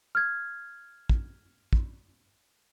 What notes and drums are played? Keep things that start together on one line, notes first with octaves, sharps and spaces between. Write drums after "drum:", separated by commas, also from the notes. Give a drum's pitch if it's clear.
F6 G#6
drum: kick
drum: kick